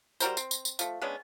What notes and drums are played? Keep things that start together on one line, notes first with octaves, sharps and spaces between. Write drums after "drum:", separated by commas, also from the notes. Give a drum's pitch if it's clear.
G3 F#4 A#4 C5, drum: tambourine
C4, drum: tambourine
drum: tambourine
drum: tambourine
F3 A3, drum: tambourine
G#3 B3 C#4 D4